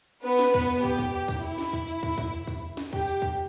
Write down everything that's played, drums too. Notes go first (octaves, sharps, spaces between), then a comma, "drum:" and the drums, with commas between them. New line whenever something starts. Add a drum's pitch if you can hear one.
B3 B4
drum: snare
B3 B4, drum: kick
drum: tambourine
G4, drum: kick
drum: kick, tambourine
G4
drum: kick, tambourine
E4
drum: snare
drum: kick
drum: tambourine
drum: kick
drum: kick, tambourine
drum: kick, tambourine
drum: snare
G4, drum: kick
drum: tambourine
drum: kick